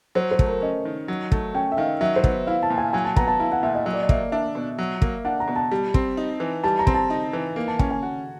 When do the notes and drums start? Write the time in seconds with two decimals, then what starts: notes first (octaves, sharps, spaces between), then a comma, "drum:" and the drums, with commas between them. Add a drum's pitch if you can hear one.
0.15 F#3 C5
0.31 C5
0.39 A3, drum: kick
0.46 A#4
0.62 C#4 D#5
0.85 D#3
1.08 F#3
1.32 A3, drum: kick
1.54 C#4 G5
1.72 E5
1.77 D#3 F5
2.01 F#3 E5
2.16 C5
2.24 B3, drum: kick
2.47 E4 F5
2.63 A5
2.70 A#2
2.78 G#5
2.93 F#3 G#5
3.05 A5
3.16 B3 A#5, drum: kick
3.28 A5
3.39 E4 F5
3.52 F#5
3.63 A#2 E5
3.75 D#5
3.86 F#3 D#5
3.93 D5
4.01 D#5
4.09 A#3 E5, drum: kick
4.32 D4 E5
4.55 B2
4.79 F#3
5.02 A#3, drum: kick
5.25 D4 F#5
5.40 A#5
5.48 B2
5.56 A5
5.71 G3
5.94 C4, drum: kick
6.17 D#4
6.40 E3
6.64 G3 A5
6.79 A#5
6.87 C4, drum: kick
6.94 A5
7.10 D#4
7.33 E3
7.56 A#3
7.68 A5
7.79 C#4 G#5, drum: kick
7.91 G#5
8.03 F#4